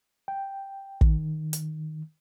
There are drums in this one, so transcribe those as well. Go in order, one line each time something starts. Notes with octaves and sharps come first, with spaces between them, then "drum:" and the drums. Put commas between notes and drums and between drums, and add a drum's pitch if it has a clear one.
G5
D#3, drum: kick
drum: hi-hat